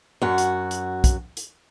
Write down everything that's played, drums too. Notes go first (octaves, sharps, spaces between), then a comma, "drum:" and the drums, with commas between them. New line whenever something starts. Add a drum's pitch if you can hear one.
F#2 F#4
drum: hi-hat
drum: hi-hat
drum: kick, hi-hat
drum: hi-hat